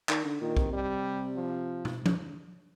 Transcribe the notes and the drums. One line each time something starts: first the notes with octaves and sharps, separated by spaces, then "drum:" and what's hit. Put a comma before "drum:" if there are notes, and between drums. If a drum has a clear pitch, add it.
D#3, drum: clap
D3
A#2 D#3
C3, drum: kick B1
G3
F3
drum: tom
drum: tom